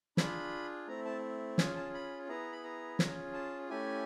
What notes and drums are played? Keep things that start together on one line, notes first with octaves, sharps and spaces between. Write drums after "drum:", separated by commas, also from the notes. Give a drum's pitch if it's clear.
D4 F4 G#4 B5, drum: snare
A3 C4 E4 A#5
A5
C#4 F4 G#4 G#5, drum: snare
A5
B5
B3 E4 G#4 A#5
B5
A#5
C#4 F4 G#4, drum: snare
A5
A3 C#4 E4 G4 G#5